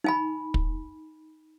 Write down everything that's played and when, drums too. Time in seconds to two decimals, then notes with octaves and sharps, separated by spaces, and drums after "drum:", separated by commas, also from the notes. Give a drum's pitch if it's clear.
0.04 D#4 G#5 B5
0.54 drum: kick